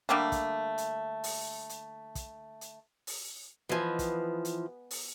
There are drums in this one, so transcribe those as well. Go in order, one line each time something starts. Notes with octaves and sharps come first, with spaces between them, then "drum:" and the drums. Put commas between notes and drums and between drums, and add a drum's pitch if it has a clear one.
D3 G3 A3 A#3
drum: kick, hi-hat
drum: hi-hat
drum: open hi-hat
drum: hi-hat
drum: kick, hi-hat
drum: hi-hat
drum: open hi-hat
E3 F3 B3 D#5 G#5
drum: kick, hi-hat
drum: hi-hat
drum: open hi-hat